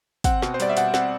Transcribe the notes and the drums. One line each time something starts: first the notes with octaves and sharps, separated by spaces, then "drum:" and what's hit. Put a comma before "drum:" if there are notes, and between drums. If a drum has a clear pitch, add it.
C4 F#5, drum: kick, hi-hat
B2, drum: snare
C5
G3 D5, drum: hi-hat
E5
B2 F#5, drum: hi-hat
C4 F#5, drum: snare